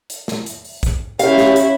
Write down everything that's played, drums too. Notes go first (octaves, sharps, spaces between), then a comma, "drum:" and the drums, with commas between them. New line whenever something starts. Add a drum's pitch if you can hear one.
drum: hi-hat
drum: snare
drum: hi-hat
drum: open hi-hat
drum: kick, hi-hat
C#4 E4 G4 F5, drum: hi-hat
drum: snare
drum: hi-hat